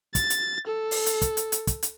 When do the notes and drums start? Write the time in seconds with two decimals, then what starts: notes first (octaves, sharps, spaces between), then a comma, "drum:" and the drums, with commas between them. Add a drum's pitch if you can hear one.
0.15 A6, drum: kick, hi-hat
0.30 drum: hi-hat
0.67 A4
0.91 drum: open hi-hat
1.06 drum: hi-hat
1.22 drum: kick, hi-hat
1.37 drum: hi-hat
1.52 drum: hi-hat
1.67 drum: kick, hi-hat
1.83 drum: hi-hat